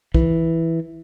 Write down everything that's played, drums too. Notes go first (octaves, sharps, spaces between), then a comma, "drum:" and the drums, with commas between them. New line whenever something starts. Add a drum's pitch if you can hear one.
E3, drum: kick B1